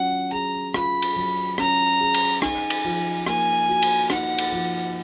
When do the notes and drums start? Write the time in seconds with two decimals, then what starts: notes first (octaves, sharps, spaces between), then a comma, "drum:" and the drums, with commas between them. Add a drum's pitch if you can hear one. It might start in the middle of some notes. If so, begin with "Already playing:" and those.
Already playing: F#3 C#4 F4 F#5
0.32 G#4 A#5
0.74 F4 B5, drum: rim click
1.02 drum: cymbal
1.16 F#3
1.58 C#4 A#5, drum: rim click
2.01 G#4
2.14 drum: cymbal
2.42 D#4 G#5, drum: rim click
2.70 drum: cymbal
2.85 F3
3.26 A#3 G#5, drum: rim click
3.68 F#4
3.82 drum: cymbal
4.10 D#4 F#5, drum: rim click
4.38 drum: cymbal
4.52 F3